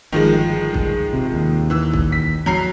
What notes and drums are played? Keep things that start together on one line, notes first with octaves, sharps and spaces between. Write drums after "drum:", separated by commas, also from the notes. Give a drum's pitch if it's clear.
G1 D#3 F3 G#3
drum: kick
C3
D#2
E3 E6
drum: kick
B6
F#3 A#5 C7